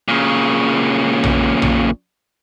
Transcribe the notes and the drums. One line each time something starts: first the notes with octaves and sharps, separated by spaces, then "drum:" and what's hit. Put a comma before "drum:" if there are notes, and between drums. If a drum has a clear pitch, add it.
A#2 C#3
drum: tom A#1
drum: tom A#1